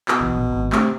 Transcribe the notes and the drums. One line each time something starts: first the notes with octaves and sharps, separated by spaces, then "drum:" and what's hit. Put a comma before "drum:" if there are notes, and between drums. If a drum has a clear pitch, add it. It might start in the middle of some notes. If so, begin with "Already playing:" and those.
B2, drum: clap
B1 E3
A#1
G#1
C3 A3 D4, drum: clap